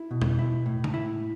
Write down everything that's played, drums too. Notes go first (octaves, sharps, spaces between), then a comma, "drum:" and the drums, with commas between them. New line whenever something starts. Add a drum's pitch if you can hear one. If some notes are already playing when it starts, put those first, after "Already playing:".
Already playing: E4
B2
drum: tom E2
E4
A2
drum: tom C#3
E4